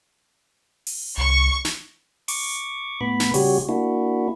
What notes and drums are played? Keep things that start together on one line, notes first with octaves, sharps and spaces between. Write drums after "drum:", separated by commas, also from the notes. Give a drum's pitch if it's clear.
drum: open hi-hat
C2 C#6
drum: snare
C#6 D6, drum: open hi-hat
A2 B3 B5
drum: snare
C#3 G3 F#4 G4 C#5, drum: open hi-hat
A#3 D4 E4 F#4